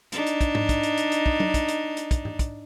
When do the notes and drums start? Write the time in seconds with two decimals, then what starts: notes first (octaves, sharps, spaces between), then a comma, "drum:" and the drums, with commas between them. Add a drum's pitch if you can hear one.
0.12 D4 D#4, drum: hi-hat
0.26 drum: hi-hat
0.41 drum: kick, hi-hat
0.55 drum: tom G#2
0.69 drum: kick, hi-hat
0.83 drum: hi-hat
0.97 drum: hi-hat
1.12 drum: hi-hat
1.26 drum: kick
1.40 drum: tom
1.54 drum: kick, hi-hat
1.68 drum: hi-hat
1.97 drum: hi-hat
2.11 drum: kick, hi-hat
2.25 drum: tom G#2
2.39 drum: kick, hi-hat